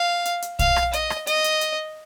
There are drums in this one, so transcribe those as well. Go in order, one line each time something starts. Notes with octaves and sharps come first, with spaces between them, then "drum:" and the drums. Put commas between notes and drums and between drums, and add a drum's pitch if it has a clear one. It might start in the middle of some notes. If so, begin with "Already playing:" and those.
Already playing: F5
drum: hi-hat
drum: hi-hat
F5, drum: kick, hi-hat
drum: rim click
D#5, drum: hi-hat
drum: rim click
D#5, drum: hi-hat
drum: hi-hat
drum: hi-hat